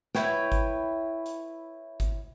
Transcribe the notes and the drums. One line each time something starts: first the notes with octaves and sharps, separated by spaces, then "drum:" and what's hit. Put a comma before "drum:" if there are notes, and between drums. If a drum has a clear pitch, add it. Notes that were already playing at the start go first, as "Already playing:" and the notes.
E4 B4 C#5 G5, drum: snare
drum: kick G#1, hi-hat
drum: hi-hat
drum: kick G#1, hi-hat